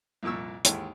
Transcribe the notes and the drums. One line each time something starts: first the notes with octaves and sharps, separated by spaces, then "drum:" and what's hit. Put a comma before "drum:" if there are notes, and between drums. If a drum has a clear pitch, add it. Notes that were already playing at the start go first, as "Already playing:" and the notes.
C2 F2 A#2 C#6 E6
D#2 G#2 E3 G4 A4 G5, drum: hi-hat